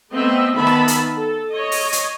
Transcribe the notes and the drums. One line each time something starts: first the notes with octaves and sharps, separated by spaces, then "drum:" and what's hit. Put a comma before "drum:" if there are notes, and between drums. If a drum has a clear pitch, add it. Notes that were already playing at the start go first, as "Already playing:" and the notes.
A3 B3 C4 D#5 E5
D#3 B3 E5 A5 B5
drum: rim click
drum: hi-hat
A4
C#5 D#5
drum: open hi-hat
drum: hi-hat